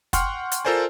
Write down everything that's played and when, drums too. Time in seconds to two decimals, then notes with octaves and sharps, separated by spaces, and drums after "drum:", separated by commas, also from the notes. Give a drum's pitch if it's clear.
0.13 F#5 G5 C6 C#6 F6, drum: kick, hi-hat
0.52 drum: hi-hat
0.65 F4 A4 A#4 C5 D5 G#5